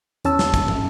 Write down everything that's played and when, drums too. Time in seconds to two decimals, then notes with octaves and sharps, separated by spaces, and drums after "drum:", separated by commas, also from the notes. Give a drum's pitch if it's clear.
0.25 E2 C#4 A5 E6, drum: hi-hat
0.39 drum: snare
0.54 drum: kick, hi-hat
0.68 drum: tom